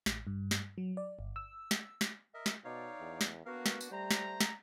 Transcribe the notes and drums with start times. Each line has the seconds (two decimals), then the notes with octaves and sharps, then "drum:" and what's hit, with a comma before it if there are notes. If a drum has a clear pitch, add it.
0.06 A1, drum: snare
0.27 G2
0.51 drum: snare
0.78 F#3
0.97 D5
1.19 G1
1.36 E6
1.71 drum: snare
2.01 drum: snare
2.34 A#4 D#5 E5
2.46 drum: snare
2.65 B2 D#4 C#5 D5 F5
3.00 E2
3.21 drum: snare
3.46 A#3 B3 D4 F#4 A#4 F5
3.66 drum: snare
3.81 drum: tambourine
3.91 G3 A3 C5 A#5
4.11 drum: snare
4.41 drum: snare